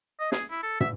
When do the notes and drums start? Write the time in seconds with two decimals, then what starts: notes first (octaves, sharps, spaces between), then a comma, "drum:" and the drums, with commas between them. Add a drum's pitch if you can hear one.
0.19 D#5
0.32 G#4, drum: snare
0.51 E4
0.63 A4
0.80 E5, drum: tom